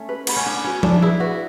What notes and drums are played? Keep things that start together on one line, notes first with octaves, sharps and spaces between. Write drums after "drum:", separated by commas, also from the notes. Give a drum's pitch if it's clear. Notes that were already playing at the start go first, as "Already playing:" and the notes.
Already playing: A3 C#4
B4
F#5 B5, drum: cymbal
C#4
B3 D4
C#4 F#4 B4
D4 E4, drum: tom F3
E4 G#4 B4
F#4 B4